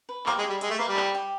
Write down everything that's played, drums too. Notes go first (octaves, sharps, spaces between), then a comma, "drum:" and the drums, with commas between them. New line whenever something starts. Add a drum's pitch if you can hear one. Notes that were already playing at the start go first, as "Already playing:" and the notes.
B4
A#3 G4, drum: clap
G#3
G4
G3
G#3 E5, drum: hi-hat
A3
A#3 B4
G3
G4, drum: clap
G4